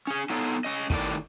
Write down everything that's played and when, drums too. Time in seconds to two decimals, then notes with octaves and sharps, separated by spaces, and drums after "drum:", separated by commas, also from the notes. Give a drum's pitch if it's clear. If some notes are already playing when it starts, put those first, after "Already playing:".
0.07 C#4 G#4
0.30 B3 D#4 F4 A4 C#5
0.65 C#4 D#5
0.90 A2 D#3 D5, drum: kick